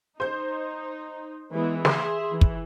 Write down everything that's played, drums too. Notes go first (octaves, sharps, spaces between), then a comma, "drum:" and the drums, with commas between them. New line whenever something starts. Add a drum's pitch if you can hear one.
D#4 C5 G6
E3 G#3 B3
G#4 E5 C6, drum: snare
E3
drum: kick